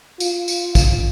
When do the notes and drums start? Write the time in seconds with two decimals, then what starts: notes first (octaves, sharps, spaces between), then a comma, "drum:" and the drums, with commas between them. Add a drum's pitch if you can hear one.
0.20 F4, drum: tambourine
0.48 drum: tambourine
0.75 drum: kick, tambourine